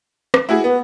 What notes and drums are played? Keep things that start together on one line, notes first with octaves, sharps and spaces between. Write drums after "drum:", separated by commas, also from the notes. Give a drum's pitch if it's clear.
drum: rim click
A3 E4 F#4 G#4
B3 B4